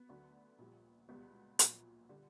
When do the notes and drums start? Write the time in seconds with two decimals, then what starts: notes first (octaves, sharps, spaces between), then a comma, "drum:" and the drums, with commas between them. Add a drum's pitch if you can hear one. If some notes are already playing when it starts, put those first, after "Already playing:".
Already playing: B3
0.09 D2 D3 F#3
0.58 A#1 A#2 G3
1.09 C#2 B2 G3 B3
1.59 A#1 A#2 F#3, drum: hi-hat
2.09 D3 G3